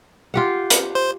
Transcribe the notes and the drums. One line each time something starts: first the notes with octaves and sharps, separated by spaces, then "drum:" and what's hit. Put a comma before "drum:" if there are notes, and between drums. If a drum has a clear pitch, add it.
F4 G4 F#5
drum: hi-hat
C5